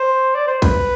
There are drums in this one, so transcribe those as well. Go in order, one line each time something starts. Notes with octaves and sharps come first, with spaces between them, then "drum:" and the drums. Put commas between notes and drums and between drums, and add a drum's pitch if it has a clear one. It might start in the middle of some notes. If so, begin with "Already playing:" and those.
Already playing: C5
D5
C5
B4, drum: kick A#1, cymbal